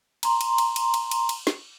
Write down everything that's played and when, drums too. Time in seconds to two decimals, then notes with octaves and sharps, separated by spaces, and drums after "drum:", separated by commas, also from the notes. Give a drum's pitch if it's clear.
0.23 A#5 C6, drum: cymbal
0.41 drum: cymbal
0.58 drum: cymbal
0.76 drum: cymbal
0.94 drum: cymbal
1.11 drum: cymbal
1.29 drum: cymbal
1.47 drum: snare